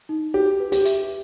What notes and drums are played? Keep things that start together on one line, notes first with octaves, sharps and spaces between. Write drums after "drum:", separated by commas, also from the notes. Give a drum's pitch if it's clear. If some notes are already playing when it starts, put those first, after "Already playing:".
D#4
F#4 G4
B4
G4, drum: hi-hat
E5, drum: hi-hat